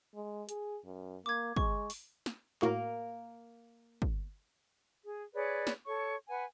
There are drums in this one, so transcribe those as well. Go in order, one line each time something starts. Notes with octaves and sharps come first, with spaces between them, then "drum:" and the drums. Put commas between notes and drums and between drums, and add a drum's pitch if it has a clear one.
G#3
G#4, drum: hi-hat
F#2
A#3 D6 G#6
G#3 C#6, drum: kick
drum: open hi-hat
drum: snare
A2 A#3 F#4 A#4, drum: clap
drum: kick
G#4
G#4 B4 C#5 D5
drum: snare
A4 C#5 C#6
B4 F#5 G#5